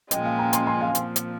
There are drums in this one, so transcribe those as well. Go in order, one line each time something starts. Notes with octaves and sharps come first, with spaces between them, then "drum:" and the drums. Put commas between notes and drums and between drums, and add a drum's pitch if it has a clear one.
A#2 F3 G#3 D#5 G5, drum: hi-hat
F5 G#5
G5 A#5
G#5 C6, drum: hi-hat
G#5 C6
F5 G#5
A#2 F3 C4, drum: hi-hat
drum: hi-hat